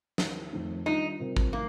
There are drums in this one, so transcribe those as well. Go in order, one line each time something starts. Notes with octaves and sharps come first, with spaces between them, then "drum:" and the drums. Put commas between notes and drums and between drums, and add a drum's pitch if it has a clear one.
D#2 D#3 A#3, drum: snare
F2 D#3 A3 D#4
D#3 G3 D4 D#4 F4
C3 G3 C4 F4 A#4
drum: kick
D#3 A3 A#3